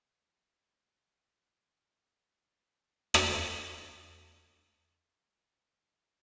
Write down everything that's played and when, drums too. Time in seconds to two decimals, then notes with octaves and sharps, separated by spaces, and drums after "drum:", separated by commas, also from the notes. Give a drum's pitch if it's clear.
0.16 F#3 C#4 D#4
1.20 B6
1.42 E6 G6
1.62 F6 C7 D#7
1.86 C3 E3 F#3 D4 F#5
2.09 B5
2.58 A1 E3 A4
2.76 G2 B2
3.14 drum: rim click
4.16 F2
4.71 C#3
5.27 C#2